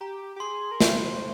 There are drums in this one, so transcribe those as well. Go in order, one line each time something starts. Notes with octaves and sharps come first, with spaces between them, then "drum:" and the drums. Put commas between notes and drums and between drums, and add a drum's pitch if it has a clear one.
G4 A#5
G4
G#4 C6
A#4
C5, drum: snare